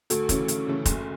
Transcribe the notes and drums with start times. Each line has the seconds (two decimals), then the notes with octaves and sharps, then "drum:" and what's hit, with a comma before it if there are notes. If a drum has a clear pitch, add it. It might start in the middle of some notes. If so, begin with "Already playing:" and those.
0.10 D2 F#4 A4, drum: hi-hat
0.29 C#3 E3 A3 C#4, drum: kick F1, hi-hat
0.48 D2, drum: hi-hat
0.67 C#3 E3 A3 C#4
0.86 F#1, drum: kick F1, hi-hat